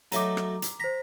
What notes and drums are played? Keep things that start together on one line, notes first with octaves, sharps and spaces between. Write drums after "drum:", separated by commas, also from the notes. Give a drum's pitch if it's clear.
F#3 A3 D#4 A#5 D6, drum: hi-hat
drum: rim click
drum: hi-hat
C5 A#5 B6